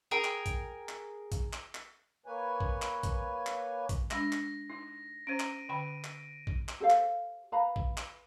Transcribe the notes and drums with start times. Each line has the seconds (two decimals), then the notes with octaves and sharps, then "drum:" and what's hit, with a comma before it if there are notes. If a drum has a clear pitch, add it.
0.11 G#4 A#4 G5
0.24 drum: clap
0.46 drum: kick A#1, hi-hat
0.89 drum: clap
1.32 drum: kick A#1, hi-hat
1.53 drum: clap
1.75 drum: clap
2.26 A#3 B4 C#5 G#5
2.60 drum: kick A#1
2.82 drum: clap
3.03 drum: kick A#1, hi-hat
3.46 drum: clap
3.89 drum: kick A#1, hi-hat
4.11 G#3 D4 A#6, drum: clap
4.32 drum: clap
4.70 D#4
5.27 C#4 C5 A#5 D7 D#7
5.40 drum: clap
5.69 D3 G5 B5
6.04 drum: clap
6.47 drum: kick A#1
6.69 drum: clap
6.80 G4 A4 C5 F5
6.90 drum: clap
7.52 B4 F5 A#5 B5
7.76 drum: kick A#1
7.97 drum: clap